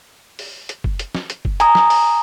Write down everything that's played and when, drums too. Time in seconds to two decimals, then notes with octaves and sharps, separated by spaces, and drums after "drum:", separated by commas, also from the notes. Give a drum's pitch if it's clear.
0.39 drum: open hi-hat
0.69 drum: hi-hat
0.84 drum: kick F#1
0.99 drum: hi-hat
1.15 drum: snare
1.30 drum: hi-hat
1.45 drum: kick F#1
1.60 G#5 A#5 D#6, drum: hi-hat
1.75 drum: snare
1.90 drum: open hi-hat